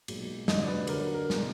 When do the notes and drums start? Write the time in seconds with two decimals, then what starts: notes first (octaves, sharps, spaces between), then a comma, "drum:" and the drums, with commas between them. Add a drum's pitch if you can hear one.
0.08 B1 A#2 G#3, drum: cymbal
0.48 F1 F2 D3 F#3 D#5, drum: snare
0.63 D5
0.67 B4
0.87 D#2 D3 F#3 A#4, drum: cymbal
1.01 D5
1.14 A#4
1.30 B2 G#3, drum: snare